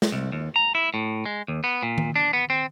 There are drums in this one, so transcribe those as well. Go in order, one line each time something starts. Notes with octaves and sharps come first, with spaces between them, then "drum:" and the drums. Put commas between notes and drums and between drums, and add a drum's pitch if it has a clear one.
drum: snare
C2
D#2
A#5
E4
A2
G#3
D#2
B3
A#2
drum: tom D#3
D4
B3
C4